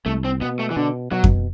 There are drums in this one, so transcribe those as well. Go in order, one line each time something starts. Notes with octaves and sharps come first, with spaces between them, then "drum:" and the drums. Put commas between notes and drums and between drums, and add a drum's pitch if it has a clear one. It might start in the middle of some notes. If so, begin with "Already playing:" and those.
C2 A3
C4
B2 B3
A3
E3
B2 D3
B2 F#3
drum: kick F2